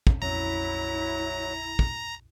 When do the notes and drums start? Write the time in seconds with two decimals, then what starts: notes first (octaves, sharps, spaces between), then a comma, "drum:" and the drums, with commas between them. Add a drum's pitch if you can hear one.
0.07 drum: kick
0.22 A#1 F2 F#3 C#4 E4 A#5
1.79 drum: kick